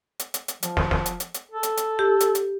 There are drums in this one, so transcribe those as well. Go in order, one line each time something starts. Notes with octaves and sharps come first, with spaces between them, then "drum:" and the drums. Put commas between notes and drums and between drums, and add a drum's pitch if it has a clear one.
drum: hi-hat
drum: hi-hat
drum: hi-hat
F3, drum: hi-hat
drum: snare
drum: snare
drum: hi-hat
drum: hi-hat
drum: hi-hat
A4
drum: hi-hat
drum: hi-hat
G4
drum: hi-hat
drum: hi-hat